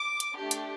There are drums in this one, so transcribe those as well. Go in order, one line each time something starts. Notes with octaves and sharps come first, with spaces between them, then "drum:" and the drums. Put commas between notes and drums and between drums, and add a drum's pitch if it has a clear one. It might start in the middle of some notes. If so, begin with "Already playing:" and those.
Already playing: D6
drum: hi-hat
A3 D4 G4
drum: hi-hat